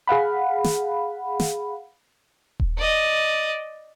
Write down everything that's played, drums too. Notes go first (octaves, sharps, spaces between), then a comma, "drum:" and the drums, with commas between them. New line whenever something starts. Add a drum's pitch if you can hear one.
G#4 F5 F#5 B5
drum: snare
drum: snare
drum: kick D#1
D5 D#5